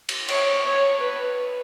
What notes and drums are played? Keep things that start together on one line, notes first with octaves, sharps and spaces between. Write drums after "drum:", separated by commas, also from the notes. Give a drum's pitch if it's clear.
drum: cymbal
C#5, drum: cymbal
C#5
B4